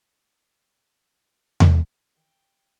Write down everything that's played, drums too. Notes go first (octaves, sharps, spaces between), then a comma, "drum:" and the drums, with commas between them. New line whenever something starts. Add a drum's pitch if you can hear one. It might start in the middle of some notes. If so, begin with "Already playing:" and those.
drum: tom E2
D#2 D#3 E3 G5